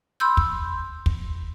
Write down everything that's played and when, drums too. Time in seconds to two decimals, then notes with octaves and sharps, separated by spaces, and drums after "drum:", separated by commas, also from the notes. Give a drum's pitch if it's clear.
0.20 B5 C6 E6 G6
0.37 drum: kick
1.06 drum: kick